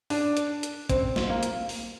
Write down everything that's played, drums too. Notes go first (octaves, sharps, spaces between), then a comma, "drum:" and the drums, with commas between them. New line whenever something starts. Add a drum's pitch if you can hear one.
D4, drum: open hi-hat
drum: hi-hat
drum: hi-hat
C4, drum: kick, hi-hat
drum: snare
A#3
drum: hi-hat
drum: open hi-hat